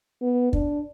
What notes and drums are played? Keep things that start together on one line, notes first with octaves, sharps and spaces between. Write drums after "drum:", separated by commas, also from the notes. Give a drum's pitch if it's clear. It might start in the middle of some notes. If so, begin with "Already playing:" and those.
B3
D4, drum: kick